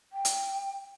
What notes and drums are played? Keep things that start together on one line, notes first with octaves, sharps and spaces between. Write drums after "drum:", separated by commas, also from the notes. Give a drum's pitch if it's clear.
G5
drum: hi-hat